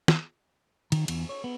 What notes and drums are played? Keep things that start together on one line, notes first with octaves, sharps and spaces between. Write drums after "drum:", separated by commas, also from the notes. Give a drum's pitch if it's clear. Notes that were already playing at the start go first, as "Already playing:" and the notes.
drum: snare
D#3, drum: cymbal
E2, drum: cymbal
C#5
B3